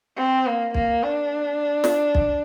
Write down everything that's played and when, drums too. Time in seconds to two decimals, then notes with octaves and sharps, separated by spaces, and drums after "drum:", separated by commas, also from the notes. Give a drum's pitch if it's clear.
0.17 C4
0.46 A#3
0.75 A#3, drum: kick
1.04 D4
1.84 drum: snare
2.15 drum: kick